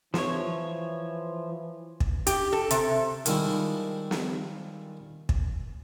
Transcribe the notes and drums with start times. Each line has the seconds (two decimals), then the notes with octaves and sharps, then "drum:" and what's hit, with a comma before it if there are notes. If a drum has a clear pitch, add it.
0.14 E3 F3 C#5, drum: snare
2.00 drum: kick
2.27 G4, drum: hi-hat
2.53 A4
2.70 C3, drum: hi-hat
3.26 D#3 F3 G3 G#3 D#4 E4, drum: hi-hat
4.11 drum: snare
5.29 drum: kick